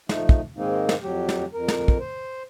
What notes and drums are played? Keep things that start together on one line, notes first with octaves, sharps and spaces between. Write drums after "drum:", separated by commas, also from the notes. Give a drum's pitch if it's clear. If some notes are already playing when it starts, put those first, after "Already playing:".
F3 A3 D#4, drum: snare
drum: kick
G#2 D#3 G#3 A#3 C4 D#4
drum: snare
F2 F#3 G4
drum: snare
F2 A#4
drum: snare
drum: kick
C5